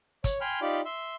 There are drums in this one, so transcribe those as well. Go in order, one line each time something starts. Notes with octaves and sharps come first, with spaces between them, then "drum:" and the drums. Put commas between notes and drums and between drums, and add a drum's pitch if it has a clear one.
C#5, drum: kick, hi-hat
G5 G#5 B5 C6 F6
D#4 F4 G4 D5 B5 D6
E5 C6